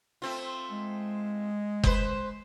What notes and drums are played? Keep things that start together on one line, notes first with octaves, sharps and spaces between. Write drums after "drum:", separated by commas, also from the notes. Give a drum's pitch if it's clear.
A3 C4 F4
G#3
B4 C5, drum: kick F#1